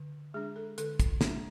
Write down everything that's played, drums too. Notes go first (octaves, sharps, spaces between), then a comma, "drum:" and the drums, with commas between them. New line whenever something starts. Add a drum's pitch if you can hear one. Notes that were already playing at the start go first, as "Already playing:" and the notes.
Already playing: D3
G#3 D4 G#4
A4
D3 A4, drum: hi-hat
drum: kick, hi-hat
G#3 D4, drum: snare